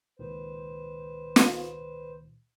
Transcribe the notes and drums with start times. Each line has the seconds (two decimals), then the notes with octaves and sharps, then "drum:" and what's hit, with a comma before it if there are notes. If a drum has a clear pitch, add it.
0.19 C#2 A#2 D#3 B4 C5
1.36 drum: snare